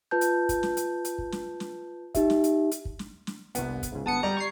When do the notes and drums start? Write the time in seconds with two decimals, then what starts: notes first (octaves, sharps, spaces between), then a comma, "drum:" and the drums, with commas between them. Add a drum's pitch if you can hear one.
0.11 F4 B4 A5 G6
0.21 drum: hi-hat
0.49 drum: kick, hi-hat
0.63 drum: snare
0.77 drum: hi-hat
1.05 drum: hi-hat
1.18 drum: kick
1.32 drum: snare
1.60 drum: snare
2.15 D#4 G4 E5, drum: kick, hi-hat
2.30 drum: snare
2.44 drum: hi-hat
2.71 drum: hi-hat
2.85 drum: kick
2.99 drum: snare
3.27 drum: snare
3.55 G1 C2 B3, drum: hi-hat
3.83 drum: kick, hi-hat
3.92 C#2 G#2
4.06 G1 B3 A5 D#6 C#7
4.23 G3 G4 D5 A#5
4.37 C#6 G#6 C7